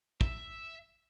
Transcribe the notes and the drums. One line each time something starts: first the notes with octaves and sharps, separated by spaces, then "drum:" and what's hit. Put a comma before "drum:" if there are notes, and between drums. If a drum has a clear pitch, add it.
E5, drum: kick